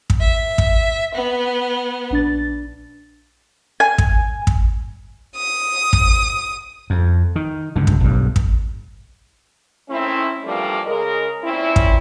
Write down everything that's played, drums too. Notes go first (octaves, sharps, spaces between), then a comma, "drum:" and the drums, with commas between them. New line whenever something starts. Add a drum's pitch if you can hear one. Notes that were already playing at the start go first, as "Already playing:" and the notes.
drum: kick
E5
drum: kick
B3
A#1 D4 A6
G#5
drum: kick
drum: kick
D#6
drum: kick
F2
D#3
C#2 G2 D3
drum: kick
B1 G2
drum: kick
D#3 A3 C4 C#4 E4
E3 F3 G3 A3 A#3 D4
C#3 G#3 A#4
A#2 C4 C#4 E4
drum: kick